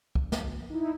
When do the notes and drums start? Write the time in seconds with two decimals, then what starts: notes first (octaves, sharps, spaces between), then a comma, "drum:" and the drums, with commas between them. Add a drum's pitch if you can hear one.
0.15 D2, drum: kick
0.32 drum: snare
0.70 D#4 E4